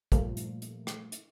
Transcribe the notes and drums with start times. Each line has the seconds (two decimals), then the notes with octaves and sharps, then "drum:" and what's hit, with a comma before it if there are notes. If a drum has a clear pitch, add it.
0.12 A#2 F3 G3 A3 A#3, drum: kick, hi-hat
0.37 drum: hi-hat
0.62 drum: hi-hat
0.87 drum: rim click
1.12 drum: hi-hat